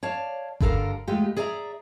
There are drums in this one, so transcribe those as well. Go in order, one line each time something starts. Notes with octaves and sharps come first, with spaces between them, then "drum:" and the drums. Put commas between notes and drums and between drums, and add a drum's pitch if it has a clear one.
C#5 D5 F5 A5
G2 D3 A4 A#4 F5 A#5, drum: kick F#1
E2 G#3 A3 F4 G4
G#4 D5 E5 F#5 A#5